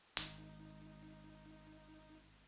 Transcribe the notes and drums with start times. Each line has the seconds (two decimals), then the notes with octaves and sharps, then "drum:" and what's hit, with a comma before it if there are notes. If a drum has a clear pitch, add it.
0.17 G#1 D#4, drum: hi-hat